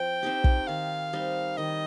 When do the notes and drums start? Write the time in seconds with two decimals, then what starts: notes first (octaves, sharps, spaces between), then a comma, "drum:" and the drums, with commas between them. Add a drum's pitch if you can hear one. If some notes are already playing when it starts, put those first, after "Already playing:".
Already playing: F3 C4 G5
0.23 C4 D#4 G4
0.44 drum: kick
0.67 D#3 F5
1.13 G3 C4 D#4
1.57 D#3 D#5